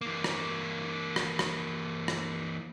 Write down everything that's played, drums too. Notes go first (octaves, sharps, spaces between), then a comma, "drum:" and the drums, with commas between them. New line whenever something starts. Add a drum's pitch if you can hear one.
E3 A#3
drum: rim click
drum: rim click
drum: rim click
drum: rim click